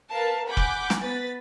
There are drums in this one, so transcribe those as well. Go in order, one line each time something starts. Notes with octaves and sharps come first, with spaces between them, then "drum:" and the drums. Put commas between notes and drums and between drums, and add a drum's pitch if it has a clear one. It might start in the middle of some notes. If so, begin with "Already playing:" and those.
A#4 B4 F5 A5
F#5 G#5 B5 D6 F#6 G6
drum: kick F1
drum: snare
B3 B4 A6 B6